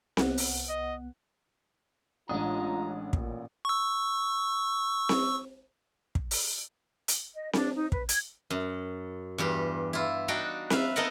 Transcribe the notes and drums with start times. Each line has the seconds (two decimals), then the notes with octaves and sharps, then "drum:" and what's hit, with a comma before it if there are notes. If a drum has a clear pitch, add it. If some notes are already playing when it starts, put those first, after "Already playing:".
0.17 C2 B3 F#5, drum: snare C4
0.38 drum: open hi-hat
0.69 D#5
2.29 A1 G#3 D4 F4 A#5 D#6
3.13 A#2, drum: kick
3.65 C#6 E6
5.09 drum: snare C4
6.15 drum: kick
6.31 drum: open hi-hat
7.08 drum: hi-hat
7.35 D#5
7.53 D4, drum: snare C4
7.75 D#4
7.92 B4, drum: kick
8.09 G#6, drum: hi-hat
8.50 F#2
9.38 E2 G2 G4
9.93 E4 F4
10.28 D4 D#4 F#4 F#5 G5
10.70 B4 E5 F5, drum: snare C4
10.96 B3 D#4 A4 A#4 D#5 F#5